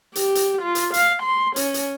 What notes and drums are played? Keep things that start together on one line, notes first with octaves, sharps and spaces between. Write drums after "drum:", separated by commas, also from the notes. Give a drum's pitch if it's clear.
G4, drum: hi-hat
drum: hi-hat
F4
drum: hi-hat
F5, drum: hi-hat
C6
C#4, drum: hi-hat
drum: hi-hat